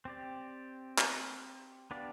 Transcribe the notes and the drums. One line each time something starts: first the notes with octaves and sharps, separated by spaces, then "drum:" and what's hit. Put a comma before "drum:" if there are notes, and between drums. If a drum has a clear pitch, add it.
C4 G4 D5
drum: clap
B3 D4 G4 D5 F5